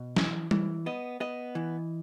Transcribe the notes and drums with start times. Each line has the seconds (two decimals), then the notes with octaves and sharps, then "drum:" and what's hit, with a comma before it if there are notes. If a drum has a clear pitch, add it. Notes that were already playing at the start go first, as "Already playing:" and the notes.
Already playing: B2
0.16 E3, drum: snare
0.51 E3, drum: tom G3
0.86 B3 D#5
1.20 B3 D#5
1.55 E3